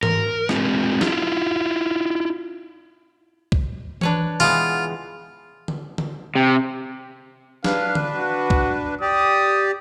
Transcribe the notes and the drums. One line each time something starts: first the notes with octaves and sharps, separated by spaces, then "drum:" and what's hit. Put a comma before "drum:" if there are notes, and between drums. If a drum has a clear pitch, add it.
A#4, drum: tom G#2
G#3 C4 F4 G4, drum: rim click
E4 F4, drum: snare
drum: kick
D4 B4 C#5, drum: tom E3
E3 G#3 B3 F4
drum: tom D3
drum: tom D3
C3
D4 B4 F5, drum: snare
drum: tom D3
F#4
drum: kick
G4 D5 D#6